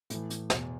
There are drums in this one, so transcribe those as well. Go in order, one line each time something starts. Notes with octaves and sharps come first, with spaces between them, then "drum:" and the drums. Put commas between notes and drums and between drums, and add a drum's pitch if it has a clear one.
A2 E3, drum: hi-hat
drum: hi-hat
E2 B2, drum: snare